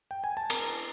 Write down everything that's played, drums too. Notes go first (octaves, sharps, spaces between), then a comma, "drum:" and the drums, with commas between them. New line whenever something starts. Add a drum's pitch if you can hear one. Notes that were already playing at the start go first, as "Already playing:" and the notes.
G5
G#5
A5
A#4 A#5, drum: cymbal